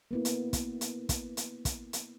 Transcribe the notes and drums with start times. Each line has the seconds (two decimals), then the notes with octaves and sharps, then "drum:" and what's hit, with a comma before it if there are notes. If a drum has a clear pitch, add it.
0.11 A#3 B3 E4
0.25 drum: hi-hat
0.53 drum: kick, hi-hat
0.81 drum: hi-hat
1.09 drum: kick, hi-hat
1.37 drum: hi-hat
1.65 drum: kick, hi-hat
1.93 drum: hi-hat